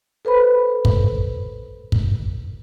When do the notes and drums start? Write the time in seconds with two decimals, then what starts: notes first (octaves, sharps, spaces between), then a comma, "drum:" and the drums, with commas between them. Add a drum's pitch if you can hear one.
0.25 A4 B4 C5 B5
0.85 drum: kick
1.92 drum: kick